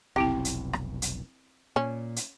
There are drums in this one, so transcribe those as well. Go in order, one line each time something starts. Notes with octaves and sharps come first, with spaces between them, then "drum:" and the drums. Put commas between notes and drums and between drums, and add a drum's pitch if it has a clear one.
F1 B1 C4 E4 G4 G5
drum: hi-hat
drum: rim click
drum: hi-hat
A#2 C#4
drum: hi-hat